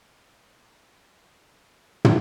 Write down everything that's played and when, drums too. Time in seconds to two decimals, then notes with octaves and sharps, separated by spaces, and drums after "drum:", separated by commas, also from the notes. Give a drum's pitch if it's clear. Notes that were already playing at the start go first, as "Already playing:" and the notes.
Already playing: F#5
0.93 F#5
1.30 E5
1.68 A#4
2.05 drum: tom